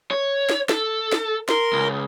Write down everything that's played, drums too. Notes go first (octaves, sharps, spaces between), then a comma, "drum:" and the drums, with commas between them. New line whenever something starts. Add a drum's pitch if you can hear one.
C#5
drum: snare
A4, drum: snare
drum: snare
A#4 C6, drum: snare
C#2